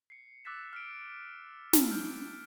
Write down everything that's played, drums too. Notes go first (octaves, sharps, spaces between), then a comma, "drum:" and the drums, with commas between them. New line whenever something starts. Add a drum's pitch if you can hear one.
C7 C#7
D6 E6 F#6 A6 B6 E7
F6 B6 D7
drum: snare
F6 G6